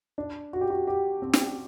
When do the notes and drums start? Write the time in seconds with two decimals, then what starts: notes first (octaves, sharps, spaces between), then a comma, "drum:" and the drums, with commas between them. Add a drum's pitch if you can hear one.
0.18 D4
0.53 F#4
0.61 G4
0.70 F#4
0.87 G4
1.22 C4
1.33 drum: snare